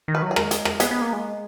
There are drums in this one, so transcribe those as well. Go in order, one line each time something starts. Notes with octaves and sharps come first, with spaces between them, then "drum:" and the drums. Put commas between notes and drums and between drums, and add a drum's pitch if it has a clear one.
D#3
B4
F#3
G#4
G#3 A#4, drum: rim click
G#4, drum: hi-hat
A#4, drum: rim click
B3 G#4, drum: hi-hat
B3
A#3
G#3